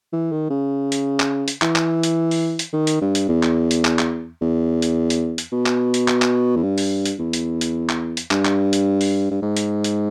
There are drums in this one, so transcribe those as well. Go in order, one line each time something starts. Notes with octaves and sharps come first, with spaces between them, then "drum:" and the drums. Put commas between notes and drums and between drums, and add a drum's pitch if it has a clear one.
E3
D#3
C#3
drum: hi-hat
drum: clap
drum: hi-hat
E3, drum: clap
drum: clap
drum: hi-hat
drum: open hi-hat
drum: hi-hat
D#3
drum: hi-hat
G2
drum: hi-hat
E2
drum: clap
drum: hi-hat
drum: clap
drum: clap
E2
drum: hi-hat
drum: hi-hat
drum: hi-hat
B2
drum: clap
drum: hi-hat
drum: clap
drum: clap
E2
G2
drum: open hi-hat
drum: hi-hat
E2
drum: hi-hat
drum: hi-hat
drum: clap
drum: hi-hat
G2, drum: clap
drum: clap
drum: hi-hat
drum: open hi-hat
G2
G#2
drum: hi-hat
drum: hi-hat